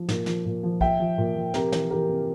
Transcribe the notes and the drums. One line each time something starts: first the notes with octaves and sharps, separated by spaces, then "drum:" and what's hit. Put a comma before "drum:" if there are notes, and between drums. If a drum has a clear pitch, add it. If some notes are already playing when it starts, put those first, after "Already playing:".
Already playing: F3
A#2, drum: snare
F3, drum: snare
A#2
F3
F3 E5 G5, drum: kick A#1
F3
A#2
F3
C3 G4 A#4, drum: snare
E3, drum: snare
E3 G4 A#4
C3